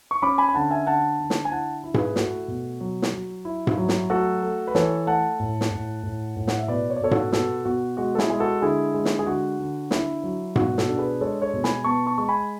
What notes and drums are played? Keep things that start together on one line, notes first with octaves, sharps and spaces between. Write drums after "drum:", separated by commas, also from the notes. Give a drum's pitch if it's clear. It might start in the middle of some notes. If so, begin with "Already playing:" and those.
C#6
C#4 B5 D6
G#5 B5
B5
D3 F#5 A5
E5 G#5
D3 F#5 A5
D3
drum: snare
G#5
E4 F#5 A5
E4
G#4 B4, drum: tom G#2
A3 F#4 A4, drum: snare
B2
F#3
drum: snare
F#3
E4
drum: tom G#2
F#3
drum: snare
A3 F#4 A4
A3
B4
E3 A4 C#5, drum: snare
A3 F#5 A5
A2
drum: snare
A2
A2
A2
F#5, drum: snare
E5
B2 B4 D5
C#5
D5
B2 A4 C#5
F#4 A4, drum: tom G#2
B3 F#4 A4, drum: snare
B2 F#4
G#3 F#4
A4
E4 G#4, drum: snare
G#3 G#4
F#4 A4
D3 E4 G#4
G#3
drum: snare
G#4
D3 F#4
D3
D3 E4, drum: snare
F#3
B2 F#4, drum: tom G#2
F#4 A4, drum: snare
D4
G#4 B4
G#3 A4 C#5
A4 C#5
B2
G#5 B5, drum: snare
B3 A5 C#6
A5 C#6
G#3 C#6
G#5 B5